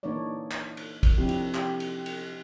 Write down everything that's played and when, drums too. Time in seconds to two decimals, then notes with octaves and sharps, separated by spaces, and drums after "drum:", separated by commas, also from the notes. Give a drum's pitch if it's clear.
0.03 E3 A#3 D4 D#4 C#5 D5
0.51 drum: clap
0.77 drum: cymbal
1.03 drum: kick, cymbal
1.18 C3 F3 C4 D4 E4 G4
1.29 drum: cymbal
1.54 G4, drum: clap
1.80 drum: cymbal
2.06 drum: cymbal